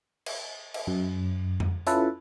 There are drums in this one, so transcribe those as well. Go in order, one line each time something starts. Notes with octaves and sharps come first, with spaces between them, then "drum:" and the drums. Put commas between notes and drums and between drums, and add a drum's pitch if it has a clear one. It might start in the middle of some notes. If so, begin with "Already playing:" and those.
drum: cymbal
drum: cymbal
F#2
drum: tom F2
C#4 E4 F4 A4 B4, drum: hi-hat